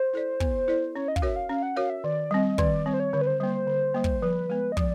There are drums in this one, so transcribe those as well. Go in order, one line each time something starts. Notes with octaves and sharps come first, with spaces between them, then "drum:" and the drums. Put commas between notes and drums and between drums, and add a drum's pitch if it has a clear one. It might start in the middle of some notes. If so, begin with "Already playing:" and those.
Already playing: C5
E4 A4 D5
B3, drum: kick
E4 A4 D5
C#4 C#5
D#5
F5, drum: kick
F#4 A#4 C#5 E5
F5
C#4 F5
F#5
F#4 A#4 C#5 F5
E5
D#3 D5
G3 C4 D#5
D#3 D5, drum: kick
G3 C4 C#5
C5
C#5
D3 C#5
B4
C5
G3 A#3 C5
C5
D3
G3 A#3
drum: kick
F3 B4
G#3 B3
D#5
F3 D5, drum: kick